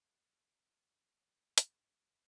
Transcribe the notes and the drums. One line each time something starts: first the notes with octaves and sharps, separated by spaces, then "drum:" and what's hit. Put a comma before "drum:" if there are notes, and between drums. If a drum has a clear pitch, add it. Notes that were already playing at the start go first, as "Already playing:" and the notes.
G#2, drum: hi-hat